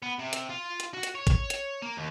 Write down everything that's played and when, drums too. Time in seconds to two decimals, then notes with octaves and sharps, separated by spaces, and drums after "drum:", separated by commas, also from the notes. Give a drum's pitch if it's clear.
0.02 B3
0.19 C3
0.33 drum: hi-hat
0.49 F4
0.80 drum: hi-hat
0.93 F#4
1.03 drum: hi-hat
1.15 C#5
1.27 drum: kick, hi-hat
1.50 drum: hi-hat
1.82 A#3
1.97 D#2